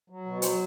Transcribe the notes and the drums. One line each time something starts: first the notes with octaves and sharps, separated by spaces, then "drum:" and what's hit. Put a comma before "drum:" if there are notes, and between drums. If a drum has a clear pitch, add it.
F#3
B2
F#3 C5, drum: hi-hat